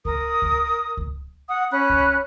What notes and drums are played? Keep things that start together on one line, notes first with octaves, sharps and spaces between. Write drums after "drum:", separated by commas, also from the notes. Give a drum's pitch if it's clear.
A#4 D#6, drum: kick C#2
drum: kick C#2
drum: kick C#2
F#5 D#6
C#4 B5 F#6
drum: kick C#2